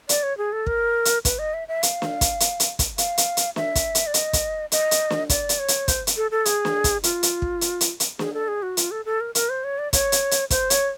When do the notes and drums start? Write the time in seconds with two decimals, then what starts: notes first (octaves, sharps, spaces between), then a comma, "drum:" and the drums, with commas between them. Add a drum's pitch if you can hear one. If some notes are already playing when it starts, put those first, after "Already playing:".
0.09 D5, drum: hi-hat
0.23 C#5
0.38 G#4
0.53 A4
0.66 A#4, drum: kick
1.05 drum: hi-hat
1.25 B4, drum: kick, hi-hat
1.39 D#5
1.54 E5
1.68 E5
1.83 F5, drum: hi-hat
2.02 drum: snare
2.21 drum: kick, hi-hat
2.40 drum: hi-hat
2.60 drum: hi-hat
2.79 drum: kick, hi-hat
2.98 F5, drum: hi-hat
3.18 drum: hi-hat
3.37 drum: hi-hat
3.56 E5, drum: snare
3.75 drum: kick, hi-hat
3.95 drum: hi-hat
4.07 D5
4.14 D#5, drum: hi-hat
4.33 drum: kick, hi-hat
4.72 D#5, drum: hi-hat
4.91 drum: hi-hat
5.10 drum: snare
5.29 D5, drum: kick, hi-hat
5.49 drum: hi-hat
5.59 C#5
5.68 drum: hi-hat
5.88 C5, drum: kick, hi-hat
6.07 drum: hi-hat
6.17 A4
6.31 A4
6.45 G#4, drum: hi-hat
6.65 drum: snare
6.84 drum: kick, hi-hat
7.04 F4, drum: hi-hat
7.23 drum: hi-hat
7.42 drum: kick
7.61 drum: hi-hat
7.81 drum: hi-hat
8.00 drum: hi-hat
8.19 G#4, drum: snare
8.34 A4
8.48 G#4
8.63 F#4
8.77 F4, drum: hi-hat
8.91 A4
9.05 A4
9.21 A#4
9.35 A#4, drum: hi-hat
9.49 C5
9.64 C#5
9.78 D5
9.93 C#5, drum: kick, hi-hat
10.12 drum: hi-hat
10.31 drum: hi-hat
10.50 C5, drum: kick, hi-hat
10.70 C#5, drum: hi-hat